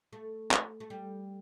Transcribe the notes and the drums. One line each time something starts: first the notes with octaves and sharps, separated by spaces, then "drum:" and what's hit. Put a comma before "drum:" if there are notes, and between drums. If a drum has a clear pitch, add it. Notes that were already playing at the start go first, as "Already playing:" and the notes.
A3
drum: clap
A3
G3